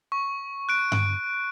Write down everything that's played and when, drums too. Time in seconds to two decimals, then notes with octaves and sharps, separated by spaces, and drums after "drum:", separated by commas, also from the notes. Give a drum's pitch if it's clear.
0.12 C#6
0.69 F#6 D7
0.92 drum: tom G2